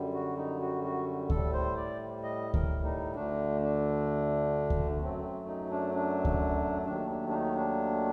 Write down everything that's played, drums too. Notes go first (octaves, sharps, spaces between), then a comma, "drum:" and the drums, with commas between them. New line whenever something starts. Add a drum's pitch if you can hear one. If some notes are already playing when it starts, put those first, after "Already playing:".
Already playing: F#2 D3 G3
F#4
D#4
F#4
F#4
A2 G3 A4, drum: kick D2
C5
D5
D#5
A#4, drum: kick D2
D#4
D2 D3 A3 D4
D4
drum: kick D2
F#2 F#3 A3 C4
C4
D#4
D4
D4
drum: kick D2
D#2 D#3 F#3 A3 D4
D4
D4
D#4
D4